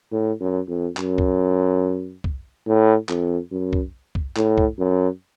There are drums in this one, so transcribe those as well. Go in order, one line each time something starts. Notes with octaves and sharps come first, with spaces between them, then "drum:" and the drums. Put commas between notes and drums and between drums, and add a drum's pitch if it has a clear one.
A2
F#2
F2
F#2, drum: clap
drum: kick
drum: kick
A2
F2, drum: clap
F#2
drum: kick
drum: kick
A2, drum: clap
drum: kick
F#2